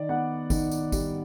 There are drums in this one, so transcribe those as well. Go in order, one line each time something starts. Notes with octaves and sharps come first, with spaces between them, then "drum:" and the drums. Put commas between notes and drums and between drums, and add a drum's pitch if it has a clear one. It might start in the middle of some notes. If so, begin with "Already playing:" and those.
Already playing: D#3 D5
B3 F#5
D#3, drum: kick, tambourine
drum: tambourine
G3, drum: kick, tambourine